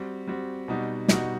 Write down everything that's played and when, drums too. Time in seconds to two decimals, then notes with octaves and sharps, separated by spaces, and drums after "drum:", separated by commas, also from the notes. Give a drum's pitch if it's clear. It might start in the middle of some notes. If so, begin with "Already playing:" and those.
Already playing: G3 C4 F#4
0.27 G3 C4 F#4
0.68 B2 G3 D#4 F#4
1.08 B2 G3 D#4 F#4, drum: snare